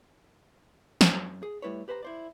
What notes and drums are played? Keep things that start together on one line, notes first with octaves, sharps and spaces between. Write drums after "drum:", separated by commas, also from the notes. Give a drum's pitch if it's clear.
drum: snare
F#2
G#4
G3 A3 E4 B4 C#5
G4 B4 C5 E5 A#5
E4 C5 D5